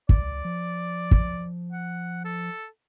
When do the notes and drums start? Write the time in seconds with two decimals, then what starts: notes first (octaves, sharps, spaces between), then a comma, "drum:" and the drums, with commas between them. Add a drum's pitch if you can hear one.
0.09 C#2 D5, drum: kick
0.45 F3
1.11 drum: kick
1.72 F#5
2.25 A4